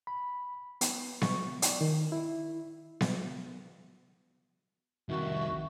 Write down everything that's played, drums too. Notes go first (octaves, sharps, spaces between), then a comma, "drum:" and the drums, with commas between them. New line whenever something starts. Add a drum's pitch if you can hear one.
B5
B3, drum: hi-hat
C#6, drum: snare B3
D5, drum: hi-hat
D#3
E4
drum: snare B3
C2 F2 D#3 F#4 E5